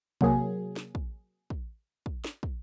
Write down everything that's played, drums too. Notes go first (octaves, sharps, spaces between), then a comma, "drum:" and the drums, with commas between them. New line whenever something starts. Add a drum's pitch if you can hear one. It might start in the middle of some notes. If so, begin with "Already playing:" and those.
C3 F#3 A#3 G#4, drum: kick
drum: snare
drum: kick
drum: kick
drum: kick
drum: snare
drum: kick